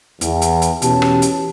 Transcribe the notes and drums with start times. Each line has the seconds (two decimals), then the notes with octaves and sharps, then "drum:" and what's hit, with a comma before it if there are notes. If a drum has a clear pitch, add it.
0.21 E2, drum: hi-hat
0.42 drum: hi-hat
0.62 drum: hi-hat
0.82 E2 B2 C#4 G4 A5, drum: hi-hat
1.02 drum: rim click
1.22 drum: hi-hat